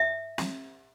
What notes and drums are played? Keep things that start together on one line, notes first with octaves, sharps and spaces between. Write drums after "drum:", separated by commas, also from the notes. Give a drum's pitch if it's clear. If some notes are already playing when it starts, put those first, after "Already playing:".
Already playing: E5
drum: snare